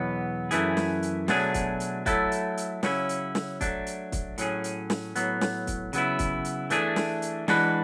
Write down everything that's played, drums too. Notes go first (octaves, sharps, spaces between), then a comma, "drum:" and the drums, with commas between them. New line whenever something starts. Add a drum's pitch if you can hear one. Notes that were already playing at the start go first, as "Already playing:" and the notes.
Already playing: E2 B2 F#3 B3
F#2 E3 A3 E4 G#4, drum: hi-hat
drum: snare
drum: hi-hat
B2 F#3 A3 D4 G#4, drum: snare
drum: kick, hi-hat
drum: hi-hat
F#3 A3 E4 A4, drum: kick, hi-hat
drum: hi-hat
drum: hi-hat
C#3 F#3 C#4 E4, drum: snare
drum: hi-hat
drum: snare
F#3 A3 D4, drum: kick, hi-hat
drum: hi-hat
drum: kick, hi-hat
A2 F#3 C#4 G#4, drum: hi-hat
drum: hi-hat
drum: snare
A2 F#3 B3, drum: hi-hat
drum: snare
drum: kick, hi-hat
C#3 F#3 B3 E4, drum: hi-hat
drum: kick, hi-hat
drum: hi-hat
E3 A3 D4 G#4, drum: hi-hat
drum: snare
drum: hi-hat
E3 G#3 D4 F#4 B4, drum: snare